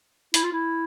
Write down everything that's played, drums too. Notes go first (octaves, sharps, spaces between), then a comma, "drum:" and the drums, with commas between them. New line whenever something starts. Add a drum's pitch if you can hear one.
E4, drum: hi-hat
F4
E4